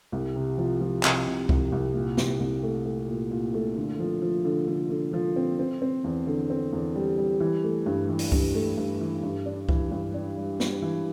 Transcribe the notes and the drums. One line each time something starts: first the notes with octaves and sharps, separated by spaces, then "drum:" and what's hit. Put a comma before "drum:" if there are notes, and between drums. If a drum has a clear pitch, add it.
C2
C3
F3
F3
C3, drum: clap
C3
C2, drum: kick C#2
C2
A#2
C2, drum: snare
C2
A3
A3
A#2
A#2
A3
D3
F3
F3
D3
D3
D3
F3
C4
C4
C4
E2
D3
C4
E2
G3
G3
E3
A3
G2
E3
drum: open hi-hat
G2, drum: kick C#2
A3
G2
E3
G2
D4
E3, drum: kick C#2
G2
D4
G3
G3, drum: snare
E3